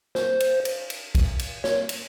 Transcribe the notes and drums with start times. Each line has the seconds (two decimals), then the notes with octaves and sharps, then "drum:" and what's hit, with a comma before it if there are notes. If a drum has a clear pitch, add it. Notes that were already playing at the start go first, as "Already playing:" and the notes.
0.15 C5, drum: snare
0.40 drum: cymbal
0.65 drum: cymbal
0.90 drum: cymbal
1.15 drum: kick, cymbal
1.39 drum: cymbal
1.64 C#5, drum: snare
1.89 drum: cymbal